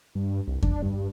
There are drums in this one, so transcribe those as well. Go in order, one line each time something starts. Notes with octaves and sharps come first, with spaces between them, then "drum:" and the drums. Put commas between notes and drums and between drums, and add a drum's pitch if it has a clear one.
G2
C2
D4, drum: kick F2
G2